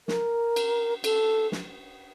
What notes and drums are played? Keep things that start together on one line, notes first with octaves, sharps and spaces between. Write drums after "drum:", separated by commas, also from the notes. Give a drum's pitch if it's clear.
A#4, drum: snare
drum: cymbal
A4, drum: cymbal
drum: snare